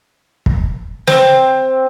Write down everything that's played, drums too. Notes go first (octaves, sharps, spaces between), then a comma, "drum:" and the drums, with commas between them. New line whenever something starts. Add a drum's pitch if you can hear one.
drum: kick
C4, drum: snare